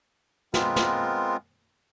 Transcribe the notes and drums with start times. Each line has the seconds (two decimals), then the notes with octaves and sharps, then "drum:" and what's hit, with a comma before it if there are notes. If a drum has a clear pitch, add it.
0.54 G#3 B3 C4 F4 A#4, drum: snare
0.76 drum: snare